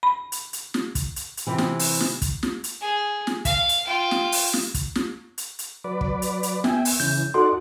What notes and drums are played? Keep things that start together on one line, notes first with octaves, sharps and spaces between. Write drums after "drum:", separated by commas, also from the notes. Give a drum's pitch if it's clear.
B5
drum: hi-hat
drum: hi-hat
drum: snare
drum: kick, hi-hat
drum: hi-hat
drum: hi-hat
C3 E3
drum: snare
drum: open hi-hat
drum: snare
drum: kick, hi-hat
drum: snare
drum: hi-hat
G#4
drum: snare
F5, drum: kick, hi-hat
drum: hi-hat
F4 G5
drum: snare
drum: open hi-hat
drum: snare
drum: kick, hi-hat
drum: snare
drum: hi-hat
drum: hi-hat
F#3 B4 D5
drum: kick
drum: hi-hat
drum: hi-hat
B3 E5 G5 G#5, drum: snare
drum: open hi-hat
C#3 E3 G6
D#4 F#4 A4 D5 F#5 C6